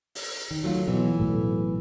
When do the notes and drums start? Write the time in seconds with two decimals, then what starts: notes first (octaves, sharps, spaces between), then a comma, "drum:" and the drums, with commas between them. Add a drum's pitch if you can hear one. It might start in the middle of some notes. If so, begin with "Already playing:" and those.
0.15 drum: open hi-hat
0.51 D#3
0.64 F#3 A3 F4
0.88 B2 E3 F#3
1.18 B1 A2 A3